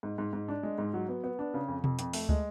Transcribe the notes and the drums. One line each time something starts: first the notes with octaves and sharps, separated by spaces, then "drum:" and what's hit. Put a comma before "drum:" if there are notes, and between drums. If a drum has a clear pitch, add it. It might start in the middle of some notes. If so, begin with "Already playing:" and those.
G#2
G#2
G#2
D4
G#3
G#2
F#3
B3
B3
D4
C#3
F2
F2, drum: tom B2
F2, drum: hi-hat
A3, drum: open hi-hat
G#3, drum: kick